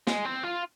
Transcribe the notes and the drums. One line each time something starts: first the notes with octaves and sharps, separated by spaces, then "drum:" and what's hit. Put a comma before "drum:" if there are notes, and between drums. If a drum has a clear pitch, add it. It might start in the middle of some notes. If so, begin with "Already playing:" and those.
G#3, drum: snare
C4
F4